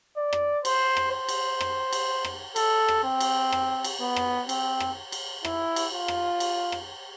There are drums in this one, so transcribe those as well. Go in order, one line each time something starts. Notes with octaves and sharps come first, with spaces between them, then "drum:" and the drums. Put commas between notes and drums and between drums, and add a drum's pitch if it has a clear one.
D5
drum: rim click
C5, drum: cymbal
drum: rim click
C5
drum: cymbal
drum: rim click
drum: cymbal
drum: rim click
A4, drum: cymbal
drum: rim click
C4
drum: cymbal
drum: rim click
drum: cymbal
B3
drum: rim click
C4, drum: cymbal
drum: rim click
drum: cymbal
E4, drum: rim click
drum: cymbal
F4
drum: rim click
drum: cymbal
drum: rim click